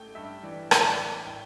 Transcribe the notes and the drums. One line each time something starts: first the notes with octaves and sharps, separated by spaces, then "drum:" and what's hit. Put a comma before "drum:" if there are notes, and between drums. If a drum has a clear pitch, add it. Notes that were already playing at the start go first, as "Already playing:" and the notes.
Already playing: A1 A3 G5
G2 E5
E3 D5
A1 E5, drum: rim click
D5
A3
A2 G5